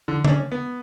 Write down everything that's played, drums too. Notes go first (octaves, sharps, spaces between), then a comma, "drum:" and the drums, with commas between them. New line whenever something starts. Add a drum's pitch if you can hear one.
D3
D4, drum: tom C#3
C#4
B3